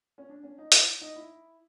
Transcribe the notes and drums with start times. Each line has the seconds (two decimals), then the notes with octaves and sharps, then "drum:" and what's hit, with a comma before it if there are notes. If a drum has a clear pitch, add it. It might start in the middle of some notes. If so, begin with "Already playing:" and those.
0.18 C#4
0.29 D4
0.43 C#4
0.58 D#4
0.72 E4, drum: hi-hat
1.01 D#4
1.16 E4